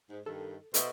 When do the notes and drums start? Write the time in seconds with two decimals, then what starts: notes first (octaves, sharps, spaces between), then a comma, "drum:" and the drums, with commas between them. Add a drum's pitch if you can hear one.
0.10 G#2
0.26 G2 D#3 A4
0.74 B2 A4 C5 D#5 E5, drum: hi-hat